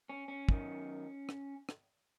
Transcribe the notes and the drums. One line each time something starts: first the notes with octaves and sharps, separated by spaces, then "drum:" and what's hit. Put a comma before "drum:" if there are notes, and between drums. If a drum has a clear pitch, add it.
C#4
C#4
F#2 D#3, drum: kick
drum: rim click
drum: rim click